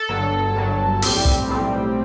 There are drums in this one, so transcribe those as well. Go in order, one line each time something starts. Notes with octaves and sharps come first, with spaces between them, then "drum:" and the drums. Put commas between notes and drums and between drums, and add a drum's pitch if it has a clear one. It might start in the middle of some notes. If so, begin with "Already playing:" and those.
Already playing: A4
G1 G2 F#3
G1 G2 F#3
B1 A2 G3 C4 G4, drum: open hi-hat
drum: kick
B1 A2 G3 C4